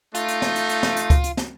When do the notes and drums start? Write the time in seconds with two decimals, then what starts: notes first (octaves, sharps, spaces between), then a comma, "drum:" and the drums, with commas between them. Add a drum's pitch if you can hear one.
0.15 A3 D#4 F4, drum: hi-hat
0.28 drum: hi-hat
0.42 drum: snare
0.56 drum: hi-hat
0.69 drum: hi-hat
0.83 drum: snare
0.96 drum: hi-hat
1.10 drum: kick C#2, hi-hat
1.24 drum: hi-hat
1.37 drum: snare